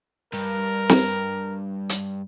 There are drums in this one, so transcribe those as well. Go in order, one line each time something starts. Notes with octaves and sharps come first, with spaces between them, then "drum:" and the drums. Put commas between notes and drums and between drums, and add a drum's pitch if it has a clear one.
G2 A#4
drum: snare
drum: hi-hat